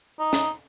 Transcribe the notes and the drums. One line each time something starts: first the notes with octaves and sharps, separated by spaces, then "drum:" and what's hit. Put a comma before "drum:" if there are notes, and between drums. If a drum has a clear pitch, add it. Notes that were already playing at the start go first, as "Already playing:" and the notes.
D#4
drum: snare